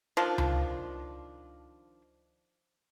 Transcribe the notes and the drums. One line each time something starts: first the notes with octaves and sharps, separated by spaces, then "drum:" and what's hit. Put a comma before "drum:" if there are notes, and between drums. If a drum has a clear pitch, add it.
D#3 F3 D4 F4
drum: tom C#2